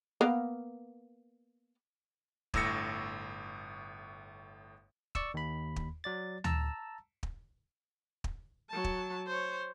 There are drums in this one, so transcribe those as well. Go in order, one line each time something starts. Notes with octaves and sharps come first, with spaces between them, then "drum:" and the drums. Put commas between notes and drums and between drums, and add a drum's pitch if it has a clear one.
A#3 B3 F5
G1 A2 E6 A#6 C#7, drum: kick
D5 C#6 E6, drum: kick
D#2 B5
drum: kick
F#3 D5 A6
A5 A#5 E6, drum: tom D2
drum: kick
drum: kick
F#3 A5
drum: kick
C5 C#5